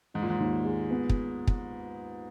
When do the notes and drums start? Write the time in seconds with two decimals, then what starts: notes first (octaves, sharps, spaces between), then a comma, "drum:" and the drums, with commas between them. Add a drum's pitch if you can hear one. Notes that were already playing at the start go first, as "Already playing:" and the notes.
0.14 G#2 D#4
0.22 A#2
0.30 G#2
0.40 D#2
0.65 G#3
0.90 B3
1.10 drum: kick
1.47 drum: kick